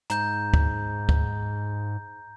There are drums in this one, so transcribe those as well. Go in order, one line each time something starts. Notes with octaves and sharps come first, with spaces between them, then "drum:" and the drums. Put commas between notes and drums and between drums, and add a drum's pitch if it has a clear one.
G#2 A#5 G6, drum: hi-hat
drum: kick
drum: kick